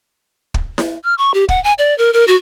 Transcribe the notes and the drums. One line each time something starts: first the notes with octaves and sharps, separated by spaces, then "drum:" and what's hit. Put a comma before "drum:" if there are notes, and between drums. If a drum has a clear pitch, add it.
drum: kick
drum: snare E4
F6
C#6
G4
F#5, drum: kick
G#5
D5
A#4
A#4
F#4